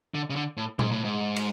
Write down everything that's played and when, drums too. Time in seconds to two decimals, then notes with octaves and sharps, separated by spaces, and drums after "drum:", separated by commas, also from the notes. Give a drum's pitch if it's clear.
0.14 D3
0.30 C#3
0.36 D3
0.57 A2
0.79 G#2, drum: tom A#2
0.91 A2
1.05 G#2
1.36 drum: cymbal